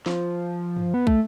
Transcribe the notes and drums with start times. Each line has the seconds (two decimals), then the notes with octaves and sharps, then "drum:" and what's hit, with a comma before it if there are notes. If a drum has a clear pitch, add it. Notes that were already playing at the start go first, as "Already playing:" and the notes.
0.06 F3, drum: snare
0.77 drum: tom F#2
0.94 B3
1.07 A3, drum: kick